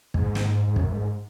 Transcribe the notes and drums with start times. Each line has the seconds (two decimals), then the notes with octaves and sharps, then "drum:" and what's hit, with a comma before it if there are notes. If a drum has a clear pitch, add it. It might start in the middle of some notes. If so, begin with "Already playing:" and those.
0.14 G#2, drum: kick
0.35 drum: snare
0.67 G#2
0.76 F#2, drum: kick
0.92 G#2